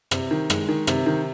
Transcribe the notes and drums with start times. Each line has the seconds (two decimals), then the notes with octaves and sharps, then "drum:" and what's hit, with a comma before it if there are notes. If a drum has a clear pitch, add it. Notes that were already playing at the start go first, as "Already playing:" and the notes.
0.11 C3, drum: rim click
0.31 D#3
0.50 G#3, drum: rim click
0.69 D#3
0.87 C3, drum: rim click
1.06 D#3